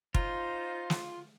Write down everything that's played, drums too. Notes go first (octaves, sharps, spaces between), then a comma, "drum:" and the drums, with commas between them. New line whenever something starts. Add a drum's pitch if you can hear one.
D#4 F4 C5, drum: kick
drum: snare